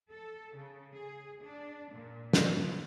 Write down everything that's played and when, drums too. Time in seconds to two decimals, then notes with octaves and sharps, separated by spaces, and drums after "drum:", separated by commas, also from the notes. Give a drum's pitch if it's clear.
0.12 A4
0.56 C#3
0.94 G#4
1.43 D4
1.94 A#2
2.33 drum: snare
2.48 B3